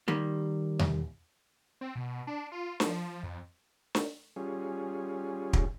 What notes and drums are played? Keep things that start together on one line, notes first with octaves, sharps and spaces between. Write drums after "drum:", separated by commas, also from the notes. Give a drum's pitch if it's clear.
D#3 G3 A#3
drum: tom E2
C4
B2
D4
F4
F3, drum: snare
F2
drum: snare
G3 C#4 F4 G#4
drum: kick